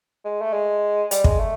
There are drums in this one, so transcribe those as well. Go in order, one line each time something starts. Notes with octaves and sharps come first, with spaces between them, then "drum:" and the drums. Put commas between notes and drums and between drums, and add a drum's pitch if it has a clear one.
G#3
A3
G#3
G3, drum: hi-hat
G#3, drum: kick
A3